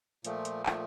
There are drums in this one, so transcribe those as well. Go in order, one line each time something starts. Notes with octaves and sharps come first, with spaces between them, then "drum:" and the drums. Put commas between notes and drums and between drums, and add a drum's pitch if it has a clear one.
A#2 F3 A3, drum: hi-hat
drum: hi-hat
A#2 F3 A3, drum: clap